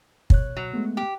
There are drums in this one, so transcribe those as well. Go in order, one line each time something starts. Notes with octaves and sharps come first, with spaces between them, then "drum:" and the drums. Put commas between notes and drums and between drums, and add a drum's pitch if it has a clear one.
B2 C#5 F#6, drum: kick
F#3
G#3 A3 B3
G4